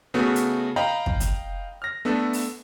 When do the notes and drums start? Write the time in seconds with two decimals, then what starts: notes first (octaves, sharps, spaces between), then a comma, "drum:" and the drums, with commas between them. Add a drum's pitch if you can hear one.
0.14 C#3 A3 B3 F#4
0.36 drum: hi-hat
0.76 D#5 F5 G5 A#5 B5
1.06 drum: kick
1.20 drum: kick, hi-hat
1.82 F6 A#6
2.05 A3 B3 D4 A4
2.33 drum: open hi-hat